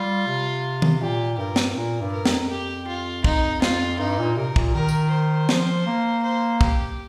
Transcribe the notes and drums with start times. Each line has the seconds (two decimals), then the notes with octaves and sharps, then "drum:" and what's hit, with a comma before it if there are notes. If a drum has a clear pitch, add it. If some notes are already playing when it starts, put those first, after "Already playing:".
Already playing: G3 F4
0.27 C3
0.82 drum: tom D#3
1.01 A#2 G4
1.38 G2 A#4
1.56 drum: snare
1.75 A#2 A#4
2.01 G2
2.12 A#4
2.25 F2, drum: snare
2.50 G4
2.88 F4
3.24 D#4, drum: kick
3.62 F4, drum: snare
3.99 G2 D#4
4.19 A#2
4.37 C3 A#4
4.56 A#2, drum: kick
4.74 D#3 A#4
4.88 drum: tambourine
5.11 C5
5.49 F3, drum: snare
5.86 A#3
6.23 C5
6.61 G4, drum: kick